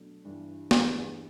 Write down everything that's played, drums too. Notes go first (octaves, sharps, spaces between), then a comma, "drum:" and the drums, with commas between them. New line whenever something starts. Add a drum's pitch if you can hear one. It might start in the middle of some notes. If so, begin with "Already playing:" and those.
Already playing: B2 F#3 A3 D4
G2 E3 G3 D4
E2 G2 E3 G3, drum: snare